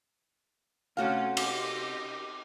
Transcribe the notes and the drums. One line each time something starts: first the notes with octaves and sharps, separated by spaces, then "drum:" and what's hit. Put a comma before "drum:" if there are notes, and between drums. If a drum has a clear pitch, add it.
C3 A3 C#4 F#4 F5
G4 D#5, drum: cymbal